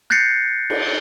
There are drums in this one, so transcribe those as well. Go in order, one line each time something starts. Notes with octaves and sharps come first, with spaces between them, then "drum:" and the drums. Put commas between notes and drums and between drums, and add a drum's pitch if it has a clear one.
F#6 G6 A6 A#6 C7 C#7
drum: cymbal